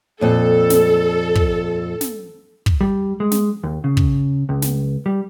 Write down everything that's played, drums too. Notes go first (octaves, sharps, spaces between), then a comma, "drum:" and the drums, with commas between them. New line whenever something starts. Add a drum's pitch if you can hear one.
F2 A#2 A4
drum: snare
drum: kick
drum: snare
drum: kick
G3
G#3
drum: snare
D#2
C#3
drum: kick
C#2
drum: snare
G3